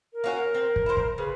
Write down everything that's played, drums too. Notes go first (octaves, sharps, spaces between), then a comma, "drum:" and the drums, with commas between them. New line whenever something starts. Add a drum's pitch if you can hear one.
A#4
A#3 C#4 F#4
A#4
C4
drum: kick
E4 A4 C5
drum: kick
C#3 B4